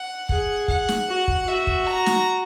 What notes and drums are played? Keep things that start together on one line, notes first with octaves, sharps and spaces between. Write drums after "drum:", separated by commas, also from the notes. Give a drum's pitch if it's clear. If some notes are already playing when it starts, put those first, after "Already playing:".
Already playing: F#5
G#4 F#5, drum: kick
F#5, drum: kick
drum: snare
F#4
drum: kick
F#4 E5
drum: kick
A#5
drum: snare